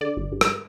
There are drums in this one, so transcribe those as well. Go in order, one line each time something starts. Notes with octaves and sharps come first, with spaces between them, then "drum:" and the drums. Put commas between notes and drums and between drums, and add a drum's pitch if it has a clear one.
D3 D5
G1
G2
drum: rim click